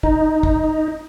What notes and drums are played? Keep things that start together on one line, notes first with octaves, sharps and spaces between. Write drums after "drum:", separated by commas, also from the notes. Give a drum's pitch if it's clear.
D#4, drum: kick
drum: kick